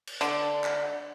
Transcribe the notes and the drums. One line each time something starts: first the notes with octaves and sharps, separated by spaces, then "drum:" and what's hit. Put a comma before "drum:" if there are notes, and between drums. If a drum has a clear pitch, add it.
drum: cymbal
D3, drum: hi-hat
drum: clap